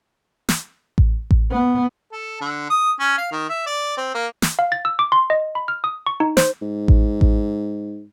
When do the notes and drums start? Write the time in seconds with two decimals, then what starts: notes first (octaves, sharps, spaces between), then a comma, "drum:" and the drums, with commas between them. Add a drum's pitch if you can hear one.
0.49 drum: snare
0.98 drum: kick A1
1.31 drum: kick A1
1.52 B3
2.12 A4
2.41 D3
2.70 D#6
3.00 C#4
3.18 F5
3.32 D#3
3.49 E5
3.67 D5
3.97 C4
4.15 A#3
4.42 drum: snare
4.59 F5
4.72 A6
4.85 E6
4.99 D6
5.12 C6
5.30 D#5
5.55 B5
5.68 F6
5.84 D#6
6.07 C#6
6.20 D#4
6.37 C5, drum: snare
6.62 G#2
6.88 drum: kick A1
7.21 drum: kick A1